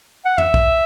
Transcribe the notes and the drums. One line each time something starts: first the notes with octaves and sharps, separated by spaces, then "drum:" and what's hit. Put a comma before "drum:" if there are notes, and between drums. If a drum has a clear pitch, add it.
F#5
E5, drum: tom
drum: kick